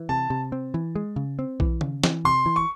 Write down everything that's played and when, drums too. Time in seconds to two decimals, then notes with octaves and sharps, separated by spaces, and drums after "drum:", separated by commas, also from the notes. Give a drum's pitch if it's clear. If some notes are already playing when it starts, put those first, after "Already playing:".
Already playing: E3
0.09 C3 A5
0.30 C3
0.52 C4
0.74 E3
0.96 G#3
1.16 C#3
1.39 C4
1.60 E3, drum: kick B1
1.81 C#3, drum: tom
2.04 E3, drum: snare
2.25 C3 C6
2.46 E3
2.56 C#6